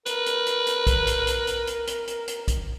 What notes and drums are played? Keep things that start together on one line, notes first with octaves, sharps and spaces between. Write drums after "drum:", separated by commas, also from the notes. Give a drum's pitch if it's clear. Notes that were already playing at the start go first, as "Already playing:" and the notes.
A#4 B4, drum: hi-hat
drum: hi-hat
drum: hi-hat
drum: hi-hat
drum: kick B1, hi-hat
drum: hi-hat
drum: hi-hat
drum: hi-hat
drum: hi-hat
drum: hi-hat
drum: hi-hat
drum: hi-hat
drum: kick B1, hi-hat